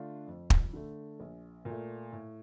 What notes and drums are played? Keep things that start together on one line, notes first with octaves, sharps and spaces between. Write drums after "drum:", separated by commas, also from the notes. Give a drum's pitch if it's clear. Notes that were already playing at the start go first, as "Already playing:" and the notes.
Already playing: D3 A3 D4 F4
F2
drum: kick
D3 A3
A#1
A#2 A3
A2